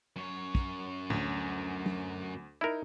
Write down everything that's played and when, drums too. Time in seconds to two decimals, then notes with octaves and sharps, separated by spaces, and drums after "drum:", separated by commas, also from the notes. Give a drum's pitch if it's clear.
0.16 F#2 C#5
0.55 drum: kick
1.10 D2, drum: tom A2
1.86 drum: tom
2.61 D#4 E4 A#4